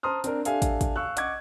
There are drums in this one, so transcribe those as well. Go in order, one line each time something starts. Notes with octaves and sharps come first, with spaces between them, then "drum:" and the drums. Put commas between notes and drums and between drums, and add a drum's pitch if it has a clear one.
C5 A5 A#5 C6 D#6 F6
C4 D4 A#4, drum: hi-hat
D4 G4 A4 E5 F5 G#5, drum: hi-hat
drum: kick, hi-hat
drum: kick, hi-hat
F5 C#6 E6 F#6
D#5 F#5 C#6 D6 G#6, drum: hi-hat